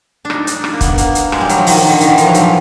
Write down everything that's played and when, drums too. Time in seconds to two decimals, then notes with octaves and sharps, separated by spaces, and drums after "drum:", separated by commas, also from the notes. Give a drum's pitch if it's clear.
0.25 D4
0.30 D#4, drum: rim click
0.47 D4, drum: hi-hat
0.64 drum: rim click
0.73 A#3
0.81 B3, drum: kick, hi-hat
0.98 A#3, drum: hi-hat
1.15 drum: hi-hat
1.32 G#3, drum: rim click
1.41 G3
1.49 F#3, drum: hi-hat
1.58 F3
1.67 D#3, drum: open hi-hat
1.78 D#3
1.90 D3
2.00 D#3, drum: hi-hat
2.09 E3
2.18 F3, drum: hi-hat
2.26 F#3
2.34 F3, drum: hi-hat
2.43 E3